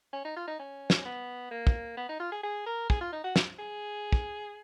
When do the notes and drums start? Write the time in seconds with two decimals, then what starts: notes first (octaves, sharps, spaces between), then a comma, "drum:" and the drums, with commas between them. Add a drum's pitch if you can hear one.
0.13 C#4
0.25 D#4
0.36 F4
0.47 D#4
0.59 C#4
0.90 drum: snare
1.05 B3
1.51 A#3
1.67 drum: kick
1.97 B3
2.09 D#4
2.20 F4
2.32 G#4
2.43 G#4
2.66 A#4
2.90 G#4, drum: kick
3.01 F4
3.12 D#4
3.24 F#4
3.36 drum: snare
3.59 G#4
4.12 drum: kick